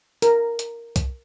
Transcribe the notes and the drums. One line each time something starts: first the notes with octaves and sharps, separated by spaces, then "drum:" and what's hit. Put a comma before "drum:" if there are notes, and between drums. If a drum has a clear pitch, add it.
A#4, drum: hi-hat
drum: hi-hat
drum: kick, hi-hat